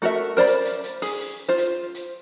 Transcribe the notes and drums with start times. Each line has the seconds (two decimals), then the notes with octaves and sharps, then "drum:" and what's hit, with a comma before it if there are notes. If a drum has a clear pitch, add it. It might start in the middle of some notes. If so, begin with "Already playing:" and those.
0.02 A3 F#4 A#4 E5
0.37 A#4 C5 D5 B5
0.47 drum: hi-hat
0.65 drum: hi-hat
0.84 drum: hi-hat
1.02 G#4, drum: open hi-hat
1.21 drum: hi-hat
1.48 F4 C5
1.58 drum: hi-hat
1.95 drum: hi-hat